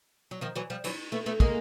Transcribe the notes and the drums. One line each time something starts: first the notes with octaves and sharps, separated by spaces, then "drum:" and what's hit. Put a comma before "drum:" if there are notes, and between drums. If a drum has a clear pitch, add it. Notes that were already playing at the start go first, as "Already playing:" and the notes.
F#3
D#3 F3
E3 F#3
F3 G3
E3 F#3, drum: cymbal
A3 B3
A3 B3
G#3 A#3, drum: kick